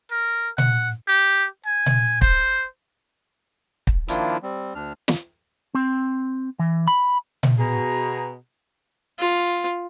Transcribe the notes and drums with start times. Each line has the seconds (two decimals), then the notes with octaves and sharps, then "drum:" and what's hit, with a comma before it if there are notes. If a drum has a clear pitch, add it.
0.11 A#4
0.58 F#5, drum: tom A#2
1.08 G4
1.66 G#5
1.86 drum: tom A#2
2.22 C5, drum: kick
3.87 drum: kick
4.08 D#3 F3 A#3 D4 E4 F4, drum: hi-hat
4.43 G3 C4
4.75 D2 D4 F6
5.08 drum: snare
5.74 C4
6.59 E3
6.88 B5
7.43 drum: tom A#2
7.59 B2 G#4 A#5
9.19 F4